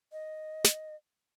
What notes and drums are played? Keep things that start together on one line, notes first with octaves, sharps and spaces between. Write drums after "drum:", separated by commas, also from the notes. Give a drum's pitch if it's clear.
D#5
drum: snare